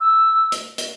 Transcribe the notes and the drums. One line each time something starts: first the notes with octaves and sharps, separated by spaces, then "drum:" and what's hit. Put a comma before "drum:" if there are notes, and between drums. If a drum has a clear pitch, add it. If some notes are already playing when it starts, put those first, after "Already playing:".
E6
drum: hi-hat
drum: hi-hat